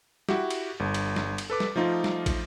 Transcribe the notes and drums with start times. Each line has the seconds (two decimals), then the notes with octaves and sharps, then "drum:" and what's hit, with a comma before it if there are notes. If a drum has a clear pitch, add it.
0.29 E4 F#4 G4, drum: snare
0.51 drum: cymbal
0.80 G1
0.94 drum: cymbal
1.16 drum: snare
1.38 drum: cymbal
1.50 A4 B4 D6
1.60 drum: snare
1.76 F3 A3 D#4 F4
2.04 drum: snare
2.26 drum: kick, cymbal